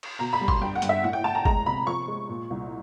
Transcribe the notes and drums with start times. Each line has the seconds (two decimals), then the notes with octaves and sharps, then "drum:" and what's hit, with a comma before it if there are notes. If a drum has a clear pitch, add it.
0.03 drum: cymbal
0.19 B2 A#5
0.33 B5
0.41 G3
0.48 C6, drum: kick
0.61 G2 G5
0.75 F#5
0.82 G2, drum: hi-hat
0.89 E5
1.04 A2 F#5
1.13 G5
1.24 A2 A5
1.35 A#5
1.45 G#3 A#5, drum: kick
1.66 C3 B5
1.87 F3 C#6
2.08 G#3
2.29 A#2
2.50 C2